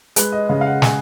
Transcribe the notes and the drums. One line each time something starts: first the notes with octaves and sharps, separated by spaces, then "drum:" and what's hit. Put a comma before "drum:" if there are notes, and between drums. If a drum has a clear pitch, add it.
G#3 B4, drum: hi-hat
D#5
C#3 F5
F5
F#5
G#3 G#5, drum: snare